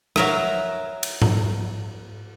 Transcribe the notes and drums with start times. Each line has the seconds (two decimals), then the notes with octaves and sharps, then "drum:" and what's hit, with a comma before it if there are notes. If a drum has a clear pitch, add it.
0.16 F#3 A#4 E5, drum: rim click
1.03 drum: cymbal
1.22 drum: tom G#2